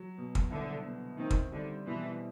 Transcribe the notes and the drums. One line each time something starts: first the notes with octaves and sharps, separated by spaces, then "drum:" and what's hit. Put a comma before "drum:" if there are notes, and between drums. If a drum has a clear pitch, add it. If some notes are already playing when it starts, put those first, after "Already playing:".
Already playing: F#3
B2
drum: kick
C2 D3
B3
D#3 C4
drum: kick
D3 G3
B2 E3